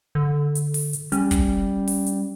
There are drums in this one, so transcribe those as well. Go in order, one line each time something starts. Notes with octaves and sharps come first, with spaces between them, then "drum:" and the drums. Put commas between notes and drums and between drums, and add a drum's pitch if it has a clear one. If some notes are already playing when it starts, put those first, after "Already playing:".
D3
drum: hi-hat
drum: open hi-hat
drum: hi-hat
G3 C#4, drum: hi-hat
drum: kick, hi-hat
drum: open hi-hat
drum: hi-hat